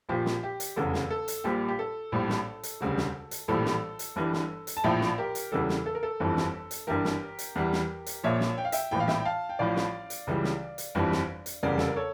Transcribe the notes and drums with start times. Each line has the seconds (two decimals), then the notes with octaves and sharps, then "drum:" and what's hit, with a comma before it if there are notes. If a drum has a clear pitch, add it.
0.09 A#1 A#2 F3 G4
0.26 drum: snare
0.43 G4
0.60 drum: hi-hat
0.76 F1 E2 C#3 A4
0.94 drum: snare
1.10 A4
1.28 drum: hi-hat
1.44 A#1 A#2 G3 G4
1.68 G4
1.79 A4
2.12 A#1 A2 G3
2.29 drum: snare
2.63 drum: hi-hat
2.81 E1 D2 C#3 G3
2.97 drum: snare
3.31 drum: hi-hat
3.48 A#1 A2 E3 G3 A4
3.65 drum: snare
3.99 drum: hi-hat
4.16 G1 G2 E3 G3
4.33 drum: snare
4.67 drum: hi-hat
4.77 A5
4.84 A#1 A2 F3 E5 G5
5.01 drum: snare
5.18 G4 A#4
5.35 drum: hi-hat
5.52 E2 C#3 E3 G3 A4
5.69 drum: snare
5.86 A4
5.95 A#4
6.03 A4
6.20 G1 F2 E3 G3
6.37 drum: snare
6.71 drum: hi-hat
6.87 G1 G2 E3 G4 A#4
7.05 drum: snare
7.39 drum: hi-hat
7.55 E2 E3 G3
7.72 drum: snare
8.06 drum: hi-hat
8.23 A#1 A#2 F3 C#5 E5
8.40 drum: snare
8.58 G5
8.65 F5
8.72 E5 G5, drum: hi-hat
8.91 A#1 A2 E3 G5
9.00 F5
9.08 E5 G5, drum: snare
9.20 G5
9.25 F5 A5
9.49 G5
9.59 A1 A2 F3 D5 F5
9.76 drum: snare
10.10 drum: hi-hat
10.27 C#2 C#3 E3 G3
10.44 drum: snare
10.78 drum: hi-hat
10.95 G1 F2 E3 G3
11.12 drum: snare
11.46 drum: hi-hat
11.63 F1 E2 C#3 G3 A#4 D5
11.78 A4, drum: snare
11.87 A#4
11.96 A4 C#5